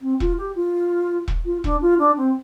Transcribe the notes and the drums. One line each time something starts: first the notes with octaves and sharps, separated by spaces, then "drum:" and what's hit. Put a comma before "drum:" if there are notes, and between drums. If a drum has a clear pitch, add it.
C4
F4, drum: kick E1
G4
F4
drum: kick E1
F4
D4, drum: kick E1
F4
D4
C4